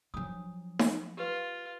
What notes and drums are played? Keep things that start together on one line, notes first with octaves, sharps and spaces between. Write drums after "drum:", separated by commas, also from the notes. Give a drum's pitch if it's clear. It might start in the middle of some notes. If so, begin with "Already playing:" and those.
F3 F#3 D4 D#6
drum: snare D#4
F4 G4 B4